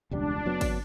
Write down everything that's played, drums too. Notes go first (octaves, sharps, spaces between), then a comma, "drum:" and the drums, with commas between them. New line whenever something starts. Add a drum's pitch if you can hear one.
E1 C#2 G3 D4
F#1 F#3 B3
drum: kick, cymbal